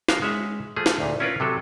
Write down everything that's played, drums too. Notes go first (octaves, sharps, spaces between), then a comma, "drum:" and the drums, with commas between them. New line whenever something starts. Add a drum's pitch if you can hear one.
F3 B3 A#4 F5, drum: snare
G#3 C#4 E5 F#5
F3 A3 G#4
drum: snare
D2 A#2
C#4 E4 F4 A#4 B4
C3 F#3 A4